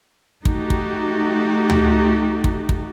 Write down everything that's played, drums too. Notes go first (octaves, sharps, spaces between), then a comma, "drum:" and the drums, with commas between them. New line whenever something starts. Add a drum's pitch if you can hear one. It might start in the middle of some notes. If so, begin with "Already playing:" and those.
A3 D#4 F#4 G4, drum: kick
drum: kick
drum: tom D2
drum: kick
drum: kick